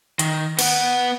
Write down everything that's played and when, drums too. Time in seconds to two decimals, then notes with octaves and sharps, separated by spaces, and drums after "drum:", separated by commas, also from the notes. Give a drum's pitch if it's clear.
0.19 D#3, drum: hi-hat
0.59 B3 F#5, drum: cymbal